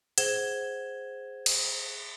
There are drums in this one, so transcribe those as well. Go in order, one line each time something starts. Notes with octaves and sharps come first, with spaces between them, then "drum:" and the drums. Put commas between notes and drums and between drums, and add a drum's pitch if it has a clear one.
G#4 C5 F#5 G#6 E7 G7, drum: hi-hat
drum: cymbal